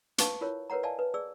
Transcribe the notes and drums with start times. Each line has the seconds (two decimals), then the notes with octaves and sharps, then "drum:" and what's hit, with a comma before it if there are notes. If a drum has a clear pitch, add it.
0.18 B4 F5 A5 C#6, drum: hi-hat
0.41 E4 F4 A#4 C5 C#5
0.70 A#4 B4 C#5 F#5 A#5
0.83 D5 D#5 F5 G#5 A5
0.99 B4
1.14 G#4 D5 E6